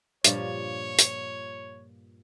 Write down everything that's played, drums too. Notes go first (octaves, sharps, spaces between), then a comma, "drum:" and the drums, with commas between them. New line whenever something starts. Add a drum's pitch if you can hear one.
G2 A#2 F3 C#5, drum: hi-hat
drum: hi-hat